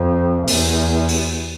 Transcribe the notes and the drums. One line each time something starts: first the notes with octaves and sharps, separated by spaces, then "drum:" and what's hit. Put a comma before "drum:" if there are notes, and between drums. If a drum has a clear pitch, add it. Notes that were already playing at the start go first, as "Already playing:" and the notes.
Already playing: F2
E2, drum: open hi-hat
drum: open hi-hat